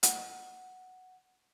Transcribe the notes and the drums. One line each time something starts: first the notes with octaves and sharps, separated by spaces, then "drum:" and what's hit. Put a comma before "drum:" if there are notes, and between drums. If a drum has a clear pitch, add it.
F#5, drum: hi-hat